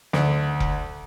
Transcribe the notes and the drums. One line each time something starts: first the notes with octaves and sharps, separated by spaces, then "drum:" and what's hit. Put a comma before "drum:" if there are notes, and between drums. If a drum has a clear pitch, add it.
D2, drum: snare
drum: kick F1